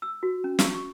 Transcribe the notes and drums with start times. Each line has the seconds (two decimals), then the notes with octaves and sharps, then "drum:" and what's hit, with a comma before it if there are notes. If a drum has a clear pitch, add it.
0.02 E6
0.23 F#4
0.44 C#4
0.59 C#6, drum: snare
0.75 C#6